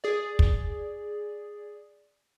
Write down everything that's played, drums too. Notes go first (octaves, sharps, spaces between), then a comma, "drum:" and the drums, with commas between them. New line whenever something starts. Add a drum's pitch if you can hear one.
G#4 D5
drum: kick